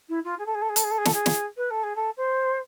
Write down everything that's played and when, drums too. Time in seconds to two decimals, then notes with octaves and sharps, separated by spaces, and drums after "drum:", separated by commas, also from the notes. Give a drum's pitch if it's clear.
0.09 E4
0.24 F4
0.38 G#4
0.45 A4
0.54 G#4
0.61 A4
0.69 G#4
0.76 A4, drum: hi-hat
0.83 G#4
0.91 A4
0.98 G#4
1.05 A4, drum: snare
1.13 G#4
1.26 drum: snare
1.56 B4
1.70 A4
1.83 G#4
1.95 A4
2.17 C5